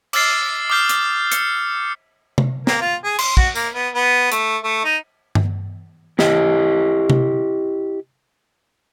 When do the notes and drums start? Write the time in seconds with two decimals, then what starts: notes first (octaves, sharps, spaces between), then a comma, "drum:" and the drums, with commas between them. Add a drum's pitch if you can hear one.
0.13 D6 E6 F6 A6 C7, drum: cymbal
0.70 D6 D#6 F6 G6 C7
0.89 D6, drum: hi-hat
1.32 C#7, drum: hi-hat
2.38 drum: tom C3
2.67 A#3, drum: snare
2.81 F4
3.04 G#4
3.19 C6, drum: cymbal
3.37 F#4, drum: kick
3.55 A#3, drum: tambourine
3.74 B3
3.95 B3
4.32 A3, drum: hi-hat
4.63 A3
4.84 D#4
5.35 drum: tom G2
6.19 E4 G4 D#5, drum: snare
7.10 drum: tom C3